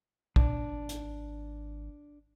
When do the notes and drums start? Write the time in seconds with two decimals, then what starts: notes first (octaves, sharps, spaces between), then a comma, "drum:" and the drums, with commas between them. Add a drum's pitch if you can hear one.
0.36 G#1 D4, drum: kick
0.89 drum: hi-hat